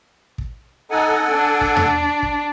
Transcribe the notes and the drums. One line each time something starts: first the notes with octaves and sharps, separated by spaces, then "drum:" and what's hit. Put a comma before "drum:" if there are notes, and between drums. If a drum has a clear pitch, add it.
drum: kick
D#4 A4 F#5 G#5
D4
drum: kick
drum: tom E2
drum: kick